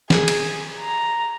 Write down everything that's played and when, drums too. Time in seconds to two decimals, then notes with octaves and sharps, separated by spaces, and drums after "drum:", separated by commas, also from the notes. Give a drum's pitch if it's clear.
0.10 G#4, drum: snare
0.28 drum: cymbal
0.80 A#5